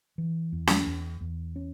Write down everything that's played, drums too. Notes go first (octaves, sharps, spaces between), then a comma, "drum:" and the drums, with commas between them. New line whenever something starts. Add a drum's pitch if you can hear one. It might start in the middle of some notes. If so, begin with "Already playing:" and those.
E3
E2
drum: snare
E2
E2
C#4